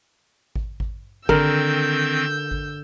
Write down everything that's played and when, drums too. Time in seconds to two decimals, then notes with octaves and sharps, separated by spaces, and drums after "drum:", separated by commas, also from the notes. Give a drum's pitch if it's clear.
0.56 drum: kick G#1
0.80 drum: kick G#1
1.29 D3 D#3 C4 A#4 E6 G6, drum: kick G#1
2.51 drum: kick G#1